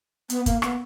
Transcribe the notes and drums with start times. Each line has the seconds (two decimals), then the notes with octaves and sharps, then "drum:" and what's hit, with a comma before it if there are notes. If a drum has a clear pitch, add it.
0.30 B3, drum: hi-hat
0.46 A#3, drum: kick, hi-hat
0.62 B3, drum: rim click